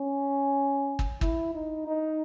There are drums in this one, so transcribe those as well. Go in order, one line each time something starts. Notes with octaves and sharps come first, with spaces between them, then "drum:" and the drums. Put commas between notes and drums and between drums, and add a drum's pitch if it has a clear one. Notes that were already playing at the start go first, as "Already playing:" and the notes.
Already playing: C#4
drum: kick
E4, drum: kick
D#4
D#4